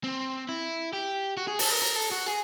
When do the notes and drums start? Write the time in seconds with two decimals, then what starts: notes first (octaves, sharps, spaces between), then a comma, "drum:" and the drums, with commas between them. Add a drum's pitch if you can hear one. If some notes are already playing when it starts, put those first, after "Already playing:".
0.04 C4
0.49 E4
0.93 G4
1.37 F#4
1.48 G#4
1.59 A4, drum: open hi-hat
1.71 A#4
1.82 A#4
1.96 A4
2.11 F#4
2.26 G#4